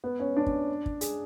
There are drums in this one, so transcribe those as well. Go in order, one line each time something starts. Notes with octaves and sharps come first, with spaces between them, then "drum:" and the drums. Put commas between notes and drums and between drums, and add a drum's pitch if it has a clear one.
B3
C#4
D4
drum: kick
drum: kick
G#4, drum: hi-hat